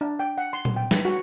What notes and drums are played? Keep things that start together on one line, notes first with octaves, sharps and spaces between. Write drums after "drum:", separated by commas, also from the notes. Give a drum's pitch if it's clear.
D4
G5
F#5
C6
drum: tom A#2
G5
B4, drum: snare
F#4